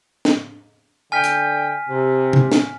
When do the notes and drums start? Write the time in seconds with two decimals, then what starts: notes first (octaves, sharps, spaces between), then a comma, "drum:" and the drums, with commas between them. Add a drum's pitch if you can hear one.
0.25 drum: snare
1.12 D3 E5 G5 G#5 F6 B6
1.24 drum: hi-hat
1.89 C3
2.33 drum: tom C3
2.52 drum: snare